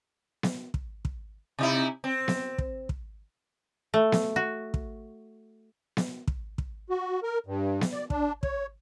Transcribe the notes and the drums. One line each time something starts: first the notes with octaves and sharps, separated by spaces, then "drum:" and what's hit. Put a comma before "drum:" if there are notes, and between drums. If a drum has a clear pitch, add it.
drum: snare B3
drum: kick
drum: kick
C3 D#4 E4
C4
drum: snare B3
drum: kick
drum: kick
A3
drum: snare B3
F#4
drum: kick
drum: snare B3
drum: kick
drum: kick
F#4
A#4
G2
drum: snare B3
D5
D4, drum: kick
C#5, drum: kick